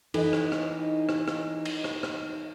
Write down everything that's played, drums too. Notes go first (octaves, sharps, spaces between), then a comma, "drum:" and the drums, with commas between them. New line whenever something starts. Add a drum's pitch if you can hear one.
E3 D#4 A4 D#5, drum: cymbal
drum: rim click
drum: rim click
drum: rim click
drum: rim click
drum: cymbal
drum: rim click
drum: rim click